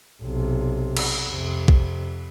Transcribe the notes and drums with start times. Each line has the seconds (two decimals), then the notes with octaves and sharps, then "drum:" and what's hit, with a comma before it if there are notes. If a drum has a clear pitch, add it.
0.22 B1 C3
0.97 drum: cymbal
1.25 F2 C3
1.68 drum: kick